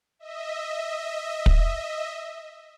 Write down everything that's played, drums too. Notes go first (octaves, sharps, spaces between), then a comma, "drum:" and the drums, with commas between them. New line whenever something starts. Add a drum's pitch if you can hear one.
D#5 E5
drum: kick